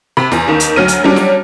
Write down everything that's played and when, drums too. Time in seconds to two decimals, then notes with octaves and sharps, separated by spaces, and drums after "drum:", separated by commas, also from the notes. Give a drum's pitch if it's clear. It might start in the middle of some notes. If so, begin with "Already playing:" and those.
0.17 C3 B5
0.32 E2, drum: snare
0.48 D#2 D#3
0.60 drum: hi-hat
0.76 D2 F#3 F6 D#7
0.88 drum: hi-hat
1.04 F#3 G3 C#4 D4
1.16 drum: snare